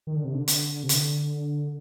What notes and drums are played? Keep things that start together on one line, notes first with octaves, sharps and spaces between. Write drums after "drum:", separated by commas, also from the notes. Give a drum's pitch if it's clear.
D#3
D3
C3
D3
drum: hi-hat
C3
D3, drum: hi-hat